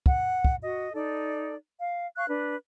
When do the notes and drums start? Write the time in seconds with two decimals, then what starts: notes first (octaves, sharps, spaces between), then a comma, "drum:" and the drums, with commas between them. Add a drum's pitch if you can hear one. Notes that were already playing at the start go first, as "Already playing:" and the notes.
0.06 F#5, drum: kick
0.45 drum: kick
0.62 F#4 D#5
0.93 D#4 A4 D5
1.79 F5
2.16 F5 C#6 F#6
2.28 D4 B4